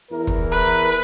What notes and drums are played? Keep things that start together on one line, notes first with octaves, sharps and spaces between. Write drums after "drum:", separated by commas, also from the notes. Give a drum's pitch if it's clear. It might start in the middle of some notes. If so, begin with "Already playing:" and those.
E2 E3 A#4
drum: kick
B4